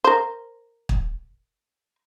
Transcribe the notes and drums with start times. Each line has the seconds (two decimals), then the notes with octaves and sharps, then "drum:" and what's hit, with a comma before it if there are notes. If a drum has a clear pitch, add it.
0.04 A#4 C5
0.89 drum: kick